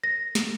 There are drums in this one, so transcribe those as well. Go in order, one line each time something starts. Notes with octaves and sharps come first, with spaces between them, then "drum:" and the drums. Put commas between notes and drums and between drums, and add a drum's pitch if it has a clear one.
A#6
drum: snare